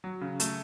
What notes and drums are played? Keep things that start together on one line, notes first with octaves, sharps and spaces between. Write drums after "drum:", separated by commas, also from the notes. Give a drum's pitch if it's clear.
F#3
C#3
A3, drum: hi-hat